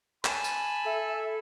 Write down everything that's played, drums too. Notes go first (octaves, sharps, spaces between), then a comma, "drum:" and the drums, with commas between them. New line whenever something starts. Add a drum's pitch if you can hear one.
G#5 A5 B5, drum: clap
drum: tambourine
A4 E5